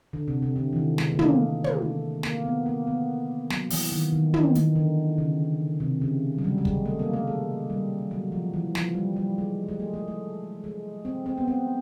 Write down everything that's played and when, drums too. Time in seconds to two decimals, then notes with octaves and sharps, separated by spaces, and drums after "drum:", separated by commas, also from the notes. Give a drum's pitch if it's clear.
0.13 D3
0.28 C3
0.42 C3
0.56 D3
0.73 E3
0.76 D#3
0.98 G#3, drum: snare
1.12 A#3
1.19 A3, drum: tom
1.64 drum: tom
1.82 A3
2.23 A#3, drum: snare
2.45 B3
2.66 A#3
2.87 B3
3.50 F#3, drum: snare
3.70 E3, drum: open hi-hat
3.92 D#3
4.12 D#3
4.34 E3, drum: tom
4.55 D#3, drum: hi-hat
4.76 D3
5.18 C#3
5.80 C3
6.02 C#3
6.38 F#3
6.44 G3
6.58 G3
6.65 G#3, drum: kick
6.85 A3
6.99 A#3
7.13 A3
7.27 G#3
7.70 G3
8.11 F#3
8.32 F3
8.54 E3
8.75 F3, drum: snare
8.95 G3
9.16 G3
9.38 G#3
9.68 G#3
9.80 A3
9.94 A3
10.08 A3
10.64 G#3
11.05 C4
11.26 C4
11.38 B3
11.48 C4